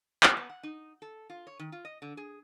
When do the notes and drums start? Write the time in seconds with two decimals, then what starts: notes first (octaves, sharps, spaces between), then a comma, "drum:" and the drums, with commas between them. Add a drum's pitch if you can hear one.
0.23 F2, drum: clap
0.37 B3
0.49 F#5
0.63 D#4
1.02 A4
1.30 F4
1.47 C#5
1.59 D#3
1.72 F4
1.85 D#5
2.02 D3
2.17 G#4